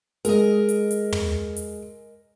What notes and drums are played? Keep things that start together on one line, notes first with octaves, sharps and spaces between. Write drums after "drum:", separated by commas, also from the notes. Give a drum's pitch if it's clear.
G#3 A#4 D#5, drum: hi-hat
drum: hi-hat
drum: hi-hat
drum: tom
drum: hi-hat